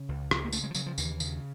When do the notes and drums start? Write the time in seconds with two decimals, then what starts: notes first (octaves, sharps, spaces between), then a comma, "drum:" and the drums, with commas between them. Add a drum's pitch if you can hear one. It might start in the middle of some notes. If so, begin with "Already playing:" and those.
Already playing: C#3
0.09 C#2
0.31 C#3, drum: rim click
0.45 A#3
0.52 C#3 A3, drum: tambourine
0.63 G#3
0.71 F3
0.75 C#3 F#3, drum: tambourine
0.86 F3
0.98 D#2 E3, drum: tambourine
1.20 C#3, drum: tambourine